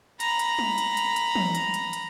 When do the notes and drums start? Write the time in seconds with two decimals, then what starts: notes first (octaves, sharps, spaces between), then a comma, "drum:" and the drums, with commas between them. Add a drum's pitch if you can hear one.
0.20 A#5 B5, drum: hi-hat
0.39 drum: hi-hat
0.59 drum: tom G3
0.78 drum: hi-hat
0.97 drum: hi-hat
1.16 drum: hi-hat
1.35 drum: tom
1.55 drum: hi-hat
1.74 drum: hi-hat
1.93 drum: hi-hat